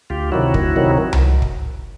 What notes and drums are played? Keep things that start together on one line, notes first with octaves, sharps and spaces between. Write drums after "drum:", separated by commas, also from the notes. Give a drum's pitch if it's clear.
D2 F4 G4
C3 D#3 F#3 E4 F#4
D2, drum: kick
C3 D#3 F#3
drum: tom C2
drum: kick